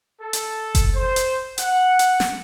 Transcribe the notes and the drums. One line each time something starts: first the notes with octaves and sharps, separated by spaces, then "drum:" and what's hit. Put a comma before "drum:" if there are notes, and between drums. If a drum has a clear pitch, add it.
A4
drum: hi-hat
drum: kick F#1, hi-hat
C5
drum: hi-hat
F#5, drum: hi-hat
drum: hi-hat
drum: snare